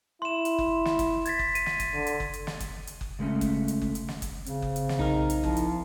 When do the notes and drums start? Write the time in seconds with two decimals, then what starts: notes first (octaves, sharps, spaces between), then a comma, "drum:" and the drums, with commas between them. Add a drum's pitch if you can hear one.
0.22 E4 C6 E7
0.45 drum: hi-hat
0.59 drum: kick F#1
0.85 drum: snare
0.99 drum: kick F#1, hi-hat
1.26 G#6 A6 B6, drum: hi-hat
1.39 drum: kick F#1
1.55 D#7, drum: hi-hat
1.66 drum: snare
1.80 drum: kick F#1, hi-hat
1.93 D3
2.07 drum: hi-hat
2.20 drum: kick F#1
2.34 drum: hi-hat
2.47 drum: snare
2.60 drum: kick F#1, hi-hat
2.87 drum: hi-hat
3.01 drum: kick F#1
3.19 C#3 G#3 A3 C#4
3.41 drum: kick F#1, hi-hat
3.68 drum: hi-hat
3.82 drum: kick F#1
3.95 drum: hi-hat
4.08 drum: snare
4.22 drum: kick F#1, hi-hat
4.46 C#3 C4, drum: hi-hat
4.62 drum: kick F#1
4.76 drum: hi-hat
4.89 drum: snare
4.99 B1 D#4 A#4
5.30 drum: hi-hat
5.44 F3 E4, drum: kick F#1
5.57 drum: hi-hat